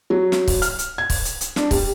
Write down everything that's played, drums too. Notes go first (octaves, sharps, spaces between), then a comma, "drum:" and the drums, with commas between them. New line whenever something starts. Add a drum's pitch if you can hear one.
F#3
drum: snare
drum: kick, open hi-hat
F6, drum: hi-hat
drum: hi-hat
G#6
drum: kick, open hi-hat
drum: hi-hat
drum: hi-hat
D4, drum: snare
G3, drum: kick, open hi-hat